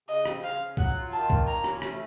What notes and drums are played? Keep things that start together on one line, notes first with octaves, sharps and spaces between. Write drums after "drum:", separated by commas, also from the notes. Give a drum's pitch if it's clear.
C#3 D#5
C4, drum: rim click
C#3 F5
C#3
F#3 F#5, drum: kick
F4
D#3 A5
A#3, drum: kick
A#2 A#5
C#4, drum: rim click
A3, drum: rim click